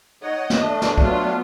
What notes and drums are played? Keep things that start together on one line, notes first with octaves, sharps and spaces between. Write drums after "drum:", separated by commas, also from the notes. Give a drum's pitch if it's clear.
D#4 C#5 D#5 F#5
drum: snare
A3 D4
drum: snare
F#3 B3 F4, drum: kick